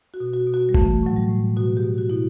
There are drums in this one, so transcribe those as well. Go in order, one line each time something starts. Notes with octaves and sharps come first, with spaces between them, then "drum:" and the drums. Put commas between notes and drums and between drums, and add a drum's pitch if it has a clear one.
F#4
B2
F#4
B2
F#4
G3
E3 A3, drum: kick G1
A2 F#3
G3
A2
B2 F#4
G4
B2
F#4
B2 E4